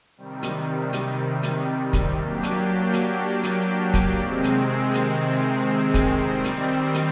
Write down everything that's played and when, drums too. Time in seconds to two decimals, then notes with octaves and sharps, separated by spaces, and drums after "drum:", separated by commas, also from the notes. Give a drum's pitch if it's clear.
0.17 C3 D#3 G3
0.43 drum: hi-hat
0.93 drum: hi-hat
1.43 drum: hi-hat
1.93 drum: kick, hi-hat
2.18 F#3 A#3 D4 G4
2.43 drum: hi-hat
2.93 drum: hi-hat
3.43 drum: hi-hat
3.94 drum: kick, hi-hat
4.19 C3 D#3 G#3 C4
4.44 drum: hi-hat
4.94 drum: hi-hat
5.94 drum: kick, hi-hat
6.19 D#3 G3 C4
6.44 drum: hi-hat
6.94 drum: hi-hat